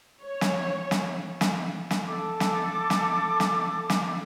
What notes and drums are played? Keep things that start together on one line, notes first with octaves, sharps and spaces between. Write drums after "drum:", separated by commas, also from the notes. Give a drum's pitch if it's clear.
C#5
drum: snare
drum: snare
drum: snare
drum: snare
A4 D6
drum: snare
drum: snare
drum: snare
drum: snare